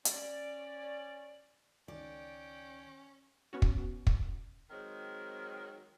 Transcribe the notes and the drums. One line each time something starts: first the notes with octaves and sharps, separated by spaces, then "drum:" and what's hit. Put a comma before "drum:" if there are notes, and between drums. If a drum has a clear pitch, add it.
C#4 D5, drum: hi-hat
C#2 D#3 C#4 D5 G5
B3 C#4 F#4
drum: kick
drum: kick
D#3 F#3 G#3 C4